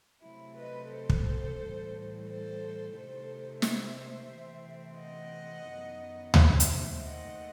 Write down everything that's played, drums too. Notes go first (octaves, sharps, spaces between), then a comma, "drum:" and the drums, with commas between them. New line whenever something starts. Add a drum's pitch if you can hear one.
C3 F#3 A3 C4 E4
B4 D#5
A4 C5
drum: kick
A2 E3 G3
A4 C5
C3 D#3 A3 A4 C5
C5 E5, drum: snare
C3 E3 A3 C4
D#5 F#5
F#2 D#3 F#3 B3
C5 E5, drum: tom D2
drum: hi-hat
D#2 D#3 A3 C4 D#5 F#5